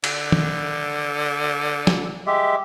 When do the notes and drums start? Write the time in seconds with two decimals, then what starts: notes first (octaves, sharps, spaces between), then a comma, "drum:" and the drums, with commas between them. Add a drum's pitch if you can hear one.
0.04 D3, drum: cymbal
0.32 drum: tom
1.87 drum: snare
2.27 G#3 G4 E5